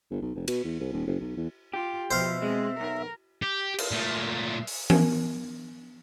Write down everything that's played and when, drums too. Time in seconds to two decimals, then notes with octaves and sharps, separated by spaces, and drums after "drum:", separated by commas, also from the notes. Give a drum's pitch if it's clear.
0.11 G1
0.22 B1
0.35 F1
0.48 B2, drum: cymbal
0.64 E2
0.80 C2
0.92 D#1
1.07 F#1
1.20 B1
1.37 E2
1.73 F4 G4
2.11 B2 F3 C5 E5 F5
2.42 G#3 C4
2.80 B1 A#4
3.42 G4
3.78 drum: cymbal
3.91 A#2 A3
4.67 drum: open hi-hat
4.90 B3 A#4, drum: tom E3